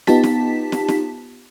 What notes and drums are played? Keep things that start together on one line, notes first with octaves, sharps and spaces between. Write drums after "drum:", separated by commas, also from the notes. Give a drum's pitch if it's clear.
B3 D#4 F4 G4 A5 B6, drum: snare
drum: snare
drum: snare
drum: snare